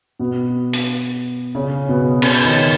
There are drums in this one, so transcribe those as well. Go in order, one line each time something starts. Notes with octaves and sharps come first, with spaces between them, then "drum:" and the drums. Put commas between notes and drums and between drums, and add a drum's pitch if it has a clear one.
B2 B3
drum: hi-hat
C#3 C#4
B2 B3
C#3 C#4, drum: cymbal
D#3 D#4